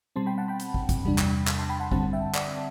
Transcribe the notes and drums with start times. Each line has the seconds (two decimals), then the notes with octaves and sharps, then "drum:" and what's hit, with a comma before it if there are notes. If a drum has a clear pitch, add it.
0.16 B2 G3 C4 A5 C6
0.26 G5 B5
0.38 F#5 A5
0.48 G5 B5
0.60 drum: hi-hat
0.74 drum: kick
0.89 drum: kick, hi-hat
1.04 E2 C3 G3 D4
1.18 drum: clap
1.47 drum: clap
1.58 A5 C6
1.69 G5 B5
1.80 F#5 A5
1.91 D3 G3 C4 F#5 A5, drum: kick
2.13 E5 G5
2.34 D5 F#5, drum: clap